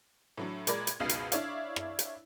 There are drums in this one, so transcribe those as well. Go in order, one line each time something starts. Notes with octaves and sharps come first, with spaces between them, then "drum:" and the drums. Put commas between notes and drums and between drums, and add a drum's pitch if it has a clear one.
A2 F#3 D4
A#2 G#3 A#4 D5 B5 G#6, drum: hi-hat
drum: hi-hat
F#1 C#2 B2 D#4 F5 C7
drum: hi-hat
D4 E4 C#5 D5 F5, drum: hi-hat
drum: rim click
drum: hi-hat